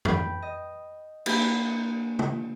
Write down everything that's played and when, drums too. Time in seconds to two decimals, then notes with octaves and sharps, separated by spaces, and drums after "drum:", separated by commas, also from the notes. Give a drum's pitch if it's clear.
0.05 B4 G5, drum: tom F2
0.42 D#5
1.26 A#3 D4 G4 B4, drum: cymbal
2.19 drum: tom